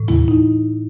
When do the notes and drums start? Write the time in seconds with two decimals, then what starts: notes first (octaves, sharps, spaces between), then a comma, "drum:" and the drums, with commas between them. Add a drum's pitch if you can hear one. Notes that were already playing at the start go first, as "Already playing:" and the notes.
Already playing: A2 E3
0.08 E4, drum: tom D#2
0.28 D#4